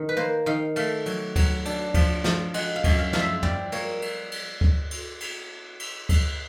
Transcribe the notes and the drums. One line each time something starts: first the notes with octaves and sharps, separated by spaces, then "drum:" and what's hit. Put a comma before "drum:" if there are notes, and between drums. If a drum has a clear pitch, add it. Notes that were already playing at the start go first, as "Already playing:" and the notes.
Already playing: D#3
B4
A#3 C5
D#3 F5
A3 F5, drum: cymbal
F#3, drum: cymbal
F#3, drum: kick D2, cymbal
D4, drum: cymbal
F3, drum: kick D2, cymbal
F3, drum: snare
G#3 F#5, drum: cymbal
F5
F#2, drum: kick D2, cymbal
F5
F3 F5, drum: snare
E5
G3 D5, drum: tom
A#3 C#5, drum: cymbal
drum: cymbal
drum: cymbal
drum: kick D2
drum: cymbal
drum: cymbal
drum: cymbal
drum: kick D2, cymbal